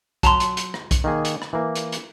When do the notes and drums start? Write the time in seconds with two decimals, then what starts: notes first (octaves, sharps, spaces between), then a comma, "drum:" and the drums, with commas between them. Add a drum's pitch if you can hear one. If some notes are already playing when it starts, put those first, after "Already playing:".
0.23 F#3 A5 A#5 C6, drum: kick, hi-hat
0.40 drum: hi-hat
0.57 drum: hi-hat
0.74 drum: rim click
0.91 drum: kick, hi-hat
1.04 D#3 A#3 G#4
1.25 drum: hi-hat
1.42 drum: rim click
1.53 E3 A#3
1.75 drum: hi-hat
1.92 drum: hi-hat